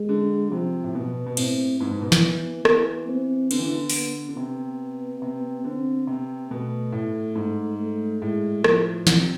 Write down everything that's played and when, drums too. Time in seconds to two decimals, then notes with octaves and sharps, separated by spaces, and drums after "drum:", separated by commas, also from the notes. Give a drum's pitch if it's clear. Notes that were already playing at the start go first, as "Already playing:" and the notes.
Already playing: G#3
0.09 D3
0.52 C3 F3
0.84 A2
0.95 B2 B3
1.26 B2
1.37 A2 C4, drum: cymbal
1.80 G#2 B3
1.91 G#2
2.02 B2
2.12 E3, drum: snare
2.65 E3 B3, drum: rim click
3.09 C4
3.51 D3 B3, drum: cymbal
3.59 E3
3.66 D3
3.90 drum: open hi-hat
4.29 D3
4.36 C3 B3
5.22 C3
5.64 D3 C4
6.07 C3 B3
6.50 B2 A3
6.92 A2
7.35 G#2
7.79 A3
8.21 A2 G#3
8.64 F3, drum: rim click
9.07 C3, drum: snare